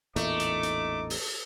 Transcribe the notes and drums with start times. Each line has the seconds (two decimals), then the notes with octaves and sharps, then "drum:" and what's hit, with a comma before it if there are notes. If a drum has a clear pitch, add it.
0.16 A1 E2 A#2 A3 D#4 D6, drum: hi-hat
0.40 drum: hi-hat
0.63 drum: hi-hat
1.10 drum: open hi-hat